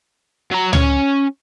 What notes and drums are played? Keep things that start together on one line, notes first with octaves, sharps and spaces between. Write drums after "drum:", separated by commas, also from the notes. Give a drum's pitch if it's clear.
F#3 A#5
C#4 C#5, drum: tom C#2